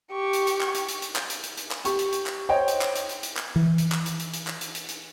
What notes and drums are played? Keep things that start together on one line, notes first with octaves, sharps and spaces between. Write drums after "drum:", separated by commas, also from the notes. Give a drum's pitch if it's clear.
G4 C#6
drum: hi-hat
drum: hi-hat
drum: clap
drum: hi-hat
drum: hi-hat
drum: hi-hat
drum: clap
drum: hi-hat
drum: hi-hat
drum: hi-hat
drum: clap
G4 C#6, drum: hi-hat
drum: hi-hat
drum: hi-hat
drum: clap
C5 C#5 D#5 G5
drum: hi-hat
drum: clap
drum: hi-hat
drum: hi-hat
drum: hi-hat
drum: clap
E3
drum: hi-hat
drum: clap
drum: hi-hat
drum: hi-hat
drum: hi-hat
drum: clap
drum: hi-hat
drum: hi-hat
drum: hi-hat